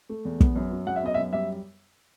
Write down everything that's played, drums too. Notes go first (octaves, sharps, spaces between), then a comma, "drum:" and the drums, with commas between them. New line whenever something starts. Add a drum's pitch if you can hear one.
A3
E2
B3, drum: kick
F#2
F#3
F#2 F#5
E5
B3 D#5
E5
F#2
G3 E5